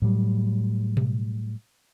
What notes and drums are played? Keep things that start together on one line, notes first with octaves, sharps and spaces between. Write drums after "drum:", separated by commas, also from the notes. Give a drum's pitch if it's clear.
A2 F#3 G3
drum: tom B2